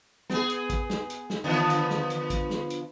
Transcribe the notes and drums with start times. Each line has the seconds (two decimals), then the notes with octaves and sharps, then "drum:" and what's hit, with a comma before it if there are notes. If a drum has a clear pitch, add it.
0.30 B3 G#4, drum: snare
0.50 drum: hi-hat
0.70 drum: kick, hi-hat
0.90 drum: snare
1.10 drum: hi-hat
1.30 drum: snare
1.44 D3 F3 B3
1.70 drum: hi-hat
1.90 drum: snare
2.10 drum: hi-hat
2.30 drum: kick, hi-hat
2.50 drum: snare
2.70 drum: hi-hat